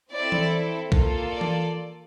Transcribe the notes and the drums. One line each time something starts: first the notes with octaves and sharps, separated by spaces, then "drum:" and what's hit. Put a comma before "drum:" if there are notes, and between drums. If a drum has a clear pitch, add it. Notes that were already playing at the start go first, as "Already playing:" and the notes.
C4 E4 A4 D5
drum: tom E3
A#3 F4 A4, drum: kick B1
D5
drum: tom E3